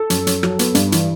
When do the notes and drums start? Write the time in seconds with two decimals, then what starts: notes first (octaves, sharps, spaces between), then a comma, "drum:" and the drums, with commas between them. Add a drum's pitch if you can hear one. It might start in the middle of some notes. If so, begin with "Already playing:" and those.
Already playing: A4
0.10 F#2, drum: hi-hat
0.27 F#2, drum: hi-hat
0.43 F#3, drum: rim click
0.59 B3, drum: hi-hat
0.75 G2, drum: hi-hat
0.92 E3, drum: hi-hat